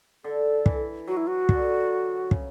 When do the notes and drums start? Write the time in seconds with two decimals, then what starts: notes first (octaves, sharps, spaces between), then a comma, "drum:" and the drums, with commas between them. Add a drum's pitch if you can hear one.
0.24 D3 A4
0.66 E3, drum: kick
1.07 F#3 F#4
1.17 E4
1.27 F#4
1.49 D3, drum: kick
2.31 C#3, drum: kick